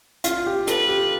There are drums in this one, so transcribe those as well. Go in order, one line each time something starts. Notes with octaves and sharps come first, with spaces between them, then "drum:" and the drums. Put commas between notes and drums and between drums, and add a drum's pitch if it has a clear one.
F4, drum: hi-hat
G4
A4 B4, drum: hi-hat
G4